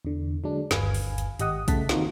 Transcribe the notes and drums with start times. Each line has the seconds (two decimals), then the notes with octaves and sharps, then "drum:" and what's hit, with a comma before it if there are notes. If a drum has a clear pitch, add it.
0.05 E2 D3
0.44 D3 F#3 G#3 D4
0.71 G1 D#2 B4 F5 G#5, drum: snare
0.94 drum: open hi-hat
1.18 drum: hi-hat
1.39 G#1 G4 D#5 F#5 D#6, drum: hi-hat
1.68 C#3 A3 F#5 A5 B6, drum: kick A#1, hi-hat
1.89 D#3 A#3 C4 D#4 F4 F#4, drum: snare